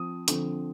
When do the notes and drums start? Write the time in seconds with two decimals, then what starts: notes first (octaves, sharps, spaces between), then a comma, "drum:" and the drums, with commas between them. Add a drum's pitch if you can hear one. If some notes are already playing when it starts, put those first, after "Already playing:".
Already playing: F3 C4 D#6
0.28 D3 F3 C4, drum: hi-hat